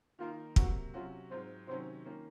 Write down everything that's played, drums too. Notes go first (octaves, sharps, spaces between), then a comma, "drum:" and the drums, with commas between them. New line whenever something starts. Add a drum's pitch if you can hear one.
D#3 A#3 D#4 F4 A#4
C3 F#3 A#3 F#4, drum: kick
C3 F#3 C#4 F4 F#4
G#2 F#3 C4 F4 C5
C3 D#3 F#3 C#4 C5
D#3 A#3 C#4 F4